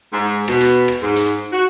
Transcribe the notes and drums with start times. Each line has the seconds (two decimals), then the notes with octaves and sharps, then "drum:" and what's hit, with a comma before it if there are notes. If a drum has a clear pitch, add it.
0.13 G#2
0.48 B2, drum: rim click
0.60 drum: hi-hat
0.88 drum: rim click
1.02 G#2
1.16 drum: hi-hat
1.52 F#4